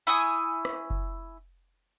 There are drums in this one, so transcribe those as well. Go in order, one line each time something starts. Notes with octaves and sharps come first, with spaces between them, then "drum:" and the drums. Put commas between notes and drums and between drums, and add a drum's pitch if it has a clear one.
E4 G#5 C#6 D#6
drum: rim click
drum: kick F#1